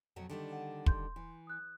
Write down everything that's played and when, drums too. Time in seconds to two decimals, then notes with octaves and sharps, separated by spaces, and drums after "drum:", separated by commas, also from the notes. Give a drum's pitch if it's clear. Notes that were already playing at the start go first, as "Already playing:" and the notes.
0.16 F2 B2 F#3
0.29 D3 D#3 G3
0.52 F#5
0.86 C6 G6, drum: kick
1.16 E3
1.47 D#6 F#6